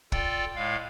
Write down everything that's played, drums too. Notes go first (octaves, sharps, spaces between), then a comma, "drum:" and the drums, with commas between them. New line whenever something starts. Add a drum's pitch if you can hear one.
F4 A4 D5 G5, drum: kick
A2 G#3 F5